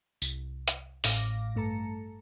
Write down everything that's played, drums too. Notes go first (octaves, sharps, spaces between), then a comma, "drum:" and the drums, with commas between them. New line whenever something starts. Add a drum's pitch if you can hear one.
C2, drum: tambourine
drum: hi-hat
A1 A2 F5 D6 A#6, drum: open hi-hat
G2 A3 A4 A5 A#5 C#7